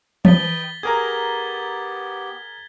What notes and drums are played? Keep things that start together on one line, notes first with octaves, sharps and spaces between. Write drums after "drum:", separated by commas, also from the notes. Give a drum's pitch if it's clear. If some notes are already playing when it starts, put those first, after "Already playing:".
B4 D#5 G5 A6 B6 G7, drum: tom E3
B3 G4 G#4 A#4 A#5 G#6